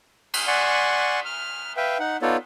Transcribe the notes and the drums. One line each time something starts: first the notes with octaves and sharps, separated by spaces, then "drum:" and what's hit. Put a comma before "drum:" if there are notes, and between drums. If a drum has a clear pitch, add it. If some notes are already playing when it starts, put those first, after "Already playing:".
drum: cymbal
D5 F#5 G#5 C6 C#6
F6
B4 E5 F5 G5
D#4 F#5
B3 D#4 F4 A4 C#5 D5